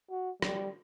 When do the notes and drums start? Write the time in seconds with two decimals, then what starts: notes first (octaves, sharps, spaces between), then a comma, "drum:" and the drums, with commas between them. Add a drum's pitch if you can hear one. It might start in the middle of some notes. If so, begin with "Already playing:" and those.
0.11 F#4
0.42 G3, drum: rim click